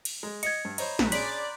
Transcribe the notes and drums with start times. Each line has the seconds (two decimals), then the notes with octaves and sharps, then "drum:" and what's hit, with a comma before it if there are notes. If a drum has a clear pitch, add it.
0.05 drum: cymbal
0.23 G#3
0.43 D#5 G#6 C#7, drum: cymbal
0.65 G2
0.78 C5 C#5 D#5 A#5 B5, drum: cymbal
0.99 A#1 F#6 G6 B6, drum: snare
1.12 C#4 D4 G#4 D5 C6 B6, drum: cymbal